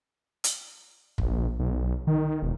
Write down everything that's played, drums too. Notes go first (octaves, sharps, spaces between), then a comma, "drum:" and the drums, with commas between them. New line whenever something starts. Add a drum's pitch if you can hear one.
drum: hi-hat
A#1, drum: kick
B1
D#3
E1